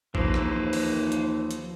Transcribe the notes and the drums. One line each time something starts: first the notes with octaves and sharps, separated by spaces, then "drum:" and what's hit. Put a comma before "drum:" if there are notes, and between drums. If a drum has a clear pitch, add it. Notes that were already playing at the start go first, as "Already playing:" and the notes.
D#2 E3 F3 A#3 B4 C5, drum: kick A#1
drum: rim click
drum: open hi-hat
drum: hi-hat
drum: hi-hat